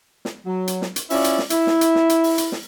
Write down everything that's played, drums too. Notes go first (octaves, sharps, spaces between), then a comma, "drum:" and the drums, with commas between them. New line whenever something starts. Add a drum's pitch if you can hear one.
drum: snare
F#3
drum: hi-hat
drum: snare
drum: hi-hat
C#4 E4 F4 D5, drum: open hi-hat
drum: hi-hat
drum: snare
E4, drum: hi-hat
drum: snare
drum: hi-hat
drum: snare
drum: hi-hat
drum: open hi-hat
drum: hi-hat
drum: snare